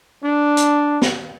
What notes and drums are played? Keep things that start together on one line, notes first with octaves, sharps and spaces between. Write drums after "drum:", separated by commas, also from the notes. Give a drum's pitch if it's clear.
D4
drum: hi-hat
drum: snare